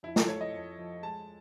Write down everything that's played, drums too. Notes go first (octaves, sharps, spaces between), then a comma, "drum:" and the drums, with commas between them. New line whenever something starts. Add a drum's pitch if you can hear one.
F2 E4
A4, drum: snare
F2 C#5
D#5
F2
F3
G#3 A5